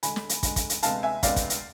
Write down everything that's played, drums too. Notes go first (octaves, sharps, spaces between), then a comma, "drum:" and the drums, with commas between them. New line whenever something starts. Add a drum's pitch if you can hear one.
D2 D3 G#3 G#5 B5, drum: hi-hat
drum: snare
drum: hi-hat
D2 D3 G#3, drum: kick, hi-hat
drum: kick, hi-hat
drum: hi-hat
D2 C3 G#3 B3 F5 A5, drum: hi-hat
E5 G#5
D2 C3 G#3 B3 D5 F5, drum: kick, hi-hat
drum: kick, hi-hat
drum: hi-hat